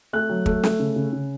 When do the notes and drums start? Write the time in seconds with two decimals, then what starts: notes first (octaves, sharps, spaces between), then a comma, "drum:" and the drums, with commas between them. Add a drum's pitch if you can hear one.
0.13 A3 F#6
0.29 F#3
0.46 A3, drum: kick
0.63 A3, drum: snare
0.79 C#3
0.96 C#3
1.13 C#3